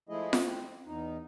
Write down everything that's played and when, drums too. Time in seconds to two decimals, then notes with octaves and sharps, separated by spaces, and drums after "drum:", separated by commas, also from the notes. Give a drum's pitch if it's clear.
0.09 F3 G#3 A3 E4 G#4 D#5
0.33 drum: snare F4
0.45 C4
0.86 E2 D#4